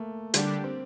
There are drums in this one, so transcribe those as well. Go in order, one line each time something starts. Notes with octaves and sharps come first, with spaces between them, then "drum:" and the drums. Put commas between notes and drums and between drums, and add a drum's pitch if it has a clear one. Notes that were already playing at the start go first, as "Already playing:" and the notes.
Already playing: A3 A#3
D3 G3 D4 G4, drum: hi-hat
C4